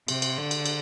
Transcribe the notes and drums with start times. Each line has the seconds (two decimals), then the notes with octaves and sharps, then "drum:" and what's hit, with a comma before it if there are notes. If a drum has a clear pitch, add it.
0.08 C3, drum: cymbal
0.22 drum: cymbal
0.37 D3
0.51 drum: cymbal
0.66 drum: cymbal